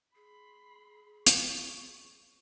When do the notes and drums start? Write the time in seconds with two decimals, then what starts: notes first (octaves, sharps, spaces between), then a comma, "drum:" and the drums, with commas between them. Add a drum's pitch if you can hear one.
0.15 G#4 B5 C6
1.27 C#6, drum: hi-hat